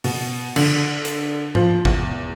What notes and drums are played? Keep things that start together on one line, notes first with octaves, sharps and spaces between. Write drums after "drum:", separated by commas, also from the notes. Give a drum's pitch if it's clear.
B2, drum: open hi-hat
D3, drum: cymbal
drum: hi-hat
F3, drum: tom G#2
E2, drum: kick